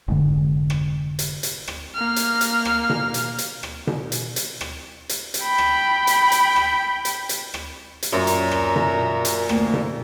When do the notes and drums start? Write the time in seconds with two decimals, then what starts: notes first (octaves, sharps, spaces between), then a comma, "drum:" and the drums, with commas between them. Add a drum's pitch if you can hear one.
0.08 F1 G#2 D3
0.70 drum: rim click
1.19 drum: hi-hat
1.43 drum: hi-hat
1.67 drum: rim click
1.95 A#3 F6
2.16 drum: hi-hat
2.41 drum: hi-hat
2.65 drum: rim click
2.90 drum: tom B2
3.14 drum: hi-hat
3.38 drum: hi-hat
3.63 drum: rim click
3.87 drum: tom B2
4.12 drum: hi-hat
4.36 drum: hi-hat
4.61 drum: rim click
5.09 drum: hi-hat
5.34 drum: hi-hat
5.43 G5 B5
5.58 drum: rim click
6.07 drum: hi-hat
6.32 drum: hi-hat
6.56 drum: rim click
7.05 drum: hi-hat
7.29 drum: hi-hat
7.54 drum: rim click
8.03 drum: hi-hat
8.12 F#2 A#2 C#5 A#5
8.27 drum: hi-hat
8.51 drum: rim click
8.76 drum: tom B2
9.25 drum: hi-hat
9.49 D2 A#3 G5, drum: rim click
9.74 drum: tom B2